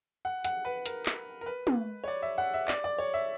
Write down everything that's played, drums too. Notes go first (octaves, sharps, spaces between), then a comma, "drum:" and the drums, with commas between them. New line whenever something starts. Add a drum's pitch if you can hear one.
F#5
F#5, drum: hi-hat
B4
A#4, drum: hi-hat
drum: clap
A#4
B4
drum: tom
C#5
D5
E5
F#5
E5
D5, drum: clap
D5
C#5
E5